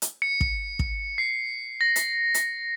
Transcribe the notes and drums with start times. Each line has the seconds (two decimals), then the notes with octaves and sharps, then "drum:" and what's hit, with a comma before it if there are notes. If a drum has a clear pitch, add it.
0.02 drum: hi-hat
0.22 C#7
0.41 drum: kick
0.79 drum: kick
1.18 C7
1.81 A#6
1.96 drum: hi-hat
2.34 drum: hi-hat